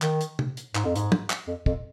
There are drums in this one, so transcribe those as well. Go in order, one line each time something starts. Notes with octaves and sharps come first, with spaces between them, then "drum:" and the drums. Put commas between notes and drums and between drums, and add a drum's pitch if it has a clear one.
D#3, drum: clap
drum: hi-hat
drum: tom
drum: hi-hat
G#2, drum: clap
F2
G#2, drum: hi-hat
drum: tom
drum: clap
F2
F2, drum: kick